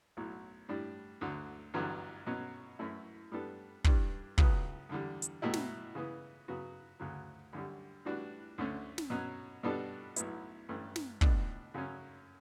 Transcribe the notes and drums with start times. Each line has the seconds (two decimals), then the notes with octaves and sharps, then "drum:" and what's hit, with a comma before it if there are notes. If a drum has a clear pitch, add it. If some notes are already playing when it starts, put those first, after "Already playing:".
0.17 B1 A2 F#3
0.69 A2 G3 D4
1.21 D2 D3 F#3
1.74 A1 G2 D3 F#3 B3
2.26 B2 F#3 C#4
2.79 F#2 E3 A3 C#4 E4
3.32 A2 G3 B3 D4 A4
3.84 G2 E3 G3 D4, drum: kick
4.38 C#2 C#3 F#3 B3, drum: kick
4.89 E2 D3 G3
5.22 drum: hi-hat
5.42 B2 F#3 A3 E4 G4
5.54 drum: snare
5.95 C#3 E3 B3
6.48 C#3 F#3 B3 F#4
7.00 D2 C#3 F#3
7.53 F#2 D3 G3
8.05 A2 E3 G3 D4 F#4
8.58 D2 D3 A3 C#4
8.98 drum: snare
9.10 B2 F#3 C#4
9.63 B2 G3 B3 D4 A4
10.16 B1 A2 F#3 B3 E4, drum: hi-hat
10.69 A1 G2 E3 A3 C#4
10.96 drum: snare
11.21 C#2 B2 A3 D4, drum: kick
11.74 F#2 C#3 F#3 C#4